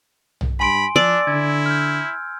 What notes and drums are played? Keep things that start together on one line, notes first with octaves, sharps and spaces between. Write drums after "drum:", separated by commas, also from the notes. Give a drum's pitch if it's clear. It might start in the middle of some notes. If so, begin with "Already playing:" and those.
drum: tom B1
G2 G#5 B5 C6 D7
F3 D4 D5 E6
D3 E4 G#6
F6 G6